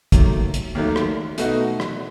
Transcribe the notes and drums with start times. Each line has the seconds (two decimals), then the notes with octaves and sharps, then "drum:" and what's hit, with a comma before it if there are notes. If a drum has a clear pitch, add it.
0.12 D#2 D#3 F#3 A3, drum: kick, hi-hat
0.54 drum: hi-hat
0.75 D#2 D#3 F#3 A3
0.96 drum: rim click
1.38 B2 A3 D#4 F#4, drum: hi-hat
1.80 drum: rim click